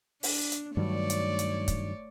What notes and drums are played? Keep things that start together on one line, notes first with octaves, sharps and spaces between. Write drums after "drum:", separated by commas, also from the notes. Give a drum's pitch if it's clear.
D4, drum: open hi-hat
drum: hi-hat
G2 D#3 F#3 A3 C#5 D5
drum: hi-hat
drum: hi-hat
drum: kick, hi-hat